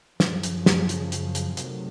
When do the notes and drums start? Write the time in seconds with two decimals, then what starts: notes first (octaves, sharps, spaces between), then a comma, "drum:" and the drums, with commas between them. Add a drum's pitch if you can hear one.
0.20 F#2 C#3 F3, drum: snare
0.43 drum: hi-hat
0.66 drum: snare
0.89 drum: hi-hat
1.12 drum: hi-hat
1.35 drum: hi-hat
1.57 C3 D#3 F#3 A3, drum: hi-hat